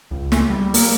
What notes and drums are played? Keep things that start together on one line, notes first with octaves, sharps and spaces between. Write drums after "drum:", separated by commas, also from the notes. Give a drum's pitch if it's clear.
C#2
drum: snare
G3
A#3, drum: open hi-hat